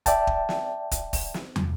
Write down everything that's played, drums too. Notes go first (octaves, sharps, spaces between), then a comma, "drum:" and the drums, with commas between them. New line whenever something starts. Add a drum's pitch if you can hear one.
D5 E5 G5 A5, drum: kick, hi-hat
drum: kick
drum: snare
drum: kick, hi-hat
drum: kick, open hi-hat
drum: snare
drum: tom